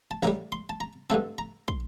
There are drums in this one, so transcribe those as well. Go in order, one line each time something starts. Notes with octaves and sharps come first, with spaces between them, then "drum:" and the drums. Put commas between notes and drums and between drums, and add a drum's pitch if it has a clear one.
A5
A1 A2 G3 A#5, drum: snare
C6
A5
A#5
G2 D3 A3 C4 A5
A#5
C6, drum: kick